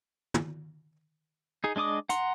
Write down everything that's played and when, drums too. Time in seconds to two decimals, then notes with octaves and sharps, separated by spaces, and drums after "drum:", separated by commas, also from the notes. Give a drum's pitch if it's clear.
0.34 drum: tom
1.64 D#4 G#4
1.76 G#3 D4 D#5 D6 D#6
2.09 F#5 A#5 C6, drum: hi-hat